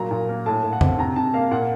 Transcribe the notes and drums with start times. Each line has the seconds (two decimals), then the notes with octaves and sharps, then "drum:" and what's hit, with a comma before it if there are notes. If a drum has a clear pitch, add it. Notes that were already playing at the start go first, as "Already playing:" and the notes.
Already playing: A#2 F#3 A#5
0.11 A#2
0.29 A#3
0.46 A2 A5
0.64 A2
0.73 F#5
0.81 C4, drum: tom F2
0.98 C3 A#5
1.16 C3 A5
1.34 A#3 F5
1.51 A#2 F#5